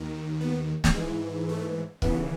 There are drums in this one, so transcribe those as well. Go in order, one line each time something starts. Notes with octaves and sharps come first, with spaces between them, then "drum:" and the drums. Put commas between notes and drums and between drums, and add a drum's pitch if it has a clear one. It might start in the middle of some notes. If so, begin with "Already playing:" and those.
Already playing: D#2 D#3
B3
drum: snare
G#2 E3 G#3
A3
D#2 C#3 E3 B3, drum: kick